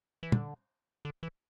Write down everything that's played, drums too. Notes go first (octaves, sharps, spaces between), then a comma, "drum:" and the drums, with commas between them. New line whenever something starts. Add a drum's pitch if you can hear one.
E3
D3, drum: tom
D3
E3